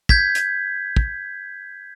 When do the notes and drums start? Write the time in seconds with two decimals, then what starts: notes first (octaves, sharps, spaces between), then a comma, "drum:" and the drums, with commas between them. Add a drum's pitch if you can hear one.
0.09 G6 G#6 B6, drum: kick
0.35 drum: hi-hat
0.96 drum: kick